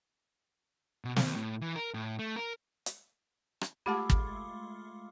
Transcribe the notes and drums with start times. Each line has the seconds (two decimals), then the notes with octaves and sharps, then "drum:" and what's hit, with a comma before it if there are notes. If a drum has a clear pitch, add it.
1.05 B2
1.16 D#2, drum: snare
1.36 A2
1.61 E3
1.76 A#4
1.94 A2
2.19 A3
2.36 A#4
2.86 drum: hi-hat
3.61 drum: rim click
3.86 G#3 A3 F4 G4 F#5 A5 B5 D6
4.10 drum: kick